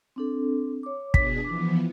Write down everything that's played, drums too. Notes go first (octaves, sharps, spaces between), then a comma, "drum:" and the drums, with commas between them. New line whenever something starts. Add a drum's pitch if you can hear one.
C4 D4 A4
C#5 D6
B2 D4 G#4 B6, drum: kick
E3 F3 B3 D6